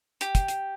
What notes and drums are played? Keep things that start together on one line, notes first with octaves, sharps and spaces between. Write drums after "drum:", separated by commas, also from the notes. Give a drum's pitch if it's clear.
G4, drum: hi-hat
drum: kick, hi-hat
drum: hi-hat